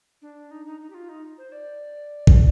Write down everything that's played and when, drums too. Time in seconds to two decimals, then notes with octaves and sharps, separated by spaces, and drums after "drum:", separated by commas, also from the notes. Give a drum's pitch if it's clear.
0.22 D4
0.51 D#4
0.66 D#4
0.81 D#4
0.90 G4
0.94 F4
1.09 D#4
1.38 C5
1.52 D5
2.27 drum: kick A1